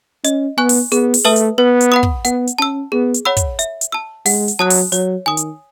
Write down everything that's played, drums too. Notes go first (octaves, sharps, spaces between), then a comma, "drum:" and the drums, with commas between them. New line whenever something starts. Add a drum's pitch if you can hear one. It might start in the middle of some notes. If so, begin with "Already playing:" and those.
C#4 D#5, drum: hi-hat
B3 G#5 C#6 F#6
drum: open hi-hat
B3 G#4, drum: hi-hat
drum: open hi-hat
A3 B4 E5 A5 D#6
drum: hi-hat
B3 B4
drum: hi-hat
F#5 B5 D#6
drum: kick
B3 F#5, drum: hi-hat
drum: hi-hat
C#4 A5 E6
B3 G#4
drum: hi-hat
C#5 F#5 B5 E6
drum: kick, hi-hat
E5, drum: hi-hat
drum: hi-hat
A5 E6
G#3 F#5, drum: open hi-hat
drum: hi-hat
F#3 A5 D#6 F#6
drum: open hi-hat
F#3 C#5, drum: hi-hat
D#3 G#5 D#6
drum: hi-hat